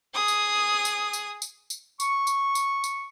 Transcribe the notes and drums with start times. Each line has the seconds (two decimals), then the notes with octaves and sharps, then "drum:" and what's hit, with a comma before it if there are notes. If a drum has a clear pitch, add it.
0.14 G#4 D#6
0.28 drum: tambourine
0.85 drum: tambourine
1.13 drum: tambourine
1.42 drum: tambourine
1.70 drum: tambourine
2.00 C#6, drum: tambourine
2.27 drum: tambourine
2.55 drum: tambourine
2.84 drum: tambourine